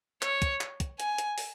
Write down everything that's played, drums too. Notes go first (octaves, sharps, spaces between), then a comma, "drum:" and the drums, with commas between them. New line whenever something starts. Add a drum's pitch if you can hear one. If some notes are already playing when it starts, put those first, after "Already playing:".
C#5, drum: clap
drum: kick, hi-hat
drum: clap
drum: kick, hi-hat
G#5, drum: hi-hat
drum: hi-hat
drum: open hi-hat